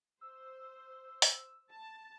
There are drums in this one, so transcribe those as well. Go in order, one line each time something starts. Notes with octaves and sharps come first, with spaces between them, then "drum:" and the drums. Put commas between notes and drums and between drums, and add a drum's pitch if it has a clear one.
C5 E6
drum: open hi-hat
A5